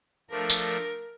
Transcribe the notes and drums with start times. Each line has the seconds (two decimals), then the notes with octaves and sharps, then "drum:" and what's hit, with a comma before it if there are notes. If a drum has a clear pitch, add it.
0.30 F3 A3 D4 A#4
0.50 drum: tambourine
0.59 A#4